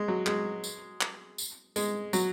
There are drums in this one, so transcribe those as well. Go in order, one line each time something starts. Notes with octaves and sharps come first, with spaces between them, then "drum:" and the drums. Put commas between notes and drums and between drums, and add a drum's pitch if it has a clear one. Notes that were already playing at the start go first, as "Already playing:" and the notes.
Already playing: G#3
F#3
G#3, drum: clap
drum: tambourine
drum: clap
drum: tambourine
G#3, drum: tambourine
F#3, drum: tambourine